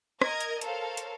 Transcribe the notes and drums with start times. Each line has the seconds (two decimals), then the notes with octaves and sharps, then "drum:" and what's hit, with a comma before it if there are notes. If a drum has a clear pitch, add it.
0.22 A#4 D#5 G#6 A#6, drum: rim click
0.40 drum: hi-hat
0.61 A4 A#4 C5 C#5 F5, drum: hi-hat
0.97 drum: hi-hat